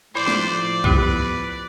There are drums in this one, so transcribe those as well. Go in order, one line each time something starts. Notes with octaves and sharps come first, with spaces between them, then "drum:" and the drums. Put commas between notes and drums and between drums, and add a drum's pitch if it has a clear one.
A2 F3 E4 C5 D5 D6
drum: snare
B3 E4 G4 B4, drum: kick